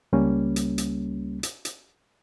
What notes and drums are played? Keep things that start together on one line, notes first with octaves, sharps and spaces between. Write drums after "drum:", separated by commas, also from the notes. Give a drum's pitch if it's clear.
C#2 G3 A#3 C#4
drum: hi-hat
drum: hi-hat
drum: hi-hat
drum: hi-hat